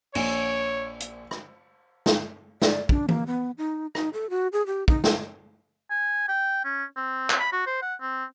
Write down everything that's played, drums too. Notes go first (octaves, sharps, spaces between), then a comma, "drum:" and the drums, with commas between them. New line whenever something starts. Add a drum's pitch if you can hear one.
A#1 C#5 G#5, drum: cymbal
drum: hi-hat
drum: rim click
drum: snare
D5, drum: snare
D4, drum: kick
A#3, drum: tom E3
B3
D#4
D#4, drum: rim click
A4
F#4
G#4
G4
D#4, drum: kick
drum: snare
G#5
G5
C#4
C4
drum: clap
B5
F#4
C5
F#5
C4